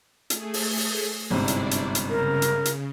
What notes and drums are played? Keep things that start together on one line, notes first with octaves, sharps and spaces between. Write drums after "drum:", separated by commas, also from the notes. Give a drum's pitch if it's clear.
A3 G#4, drum: hi-hat
drum: open hi-hat
drum: open hi-hat
G1 G#2 C3 D4 E4 D5
drum: hi-hat
drum: hi-hat
drum: hi-hat
C#3 A#4
drum: hi-hat
drum: hi-hat